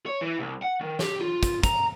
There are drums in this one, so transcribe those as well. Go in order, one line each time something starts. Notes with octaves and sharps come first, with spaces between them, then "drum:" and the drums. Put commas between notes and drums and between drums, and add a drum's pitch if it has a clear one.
C#5
E3
C2
F#5
D#3
G4, drum: snare
F4
drum: kick, hi-hat
A#5, drum: kick, hi-hat